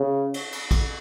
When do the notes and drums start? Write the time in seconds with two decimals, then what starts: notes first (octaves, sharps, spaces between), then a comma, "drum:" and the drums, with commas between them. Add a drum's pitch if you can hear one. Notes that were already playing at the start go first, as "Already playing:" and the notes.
Already playing: C#3
0.34 drum: cymbal
0.52 drum: cymbal
0.71 drum: kick, cymbal